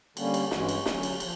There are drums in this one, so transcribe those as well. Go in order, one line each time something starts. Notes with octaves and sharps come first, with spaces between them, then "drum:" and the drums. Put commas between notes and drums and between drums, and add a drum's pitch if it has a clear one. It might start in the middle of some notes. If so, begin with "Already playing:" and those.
D3 G3 A#3 C#4, drum: cymbal
drum: cymbal
G2 E3 G#3 C#4 F#4, drum: snare
drum: cymbal
D3 F#3 A3 C#4, drum: snare
drum: cymbal
F3, drum: cymbal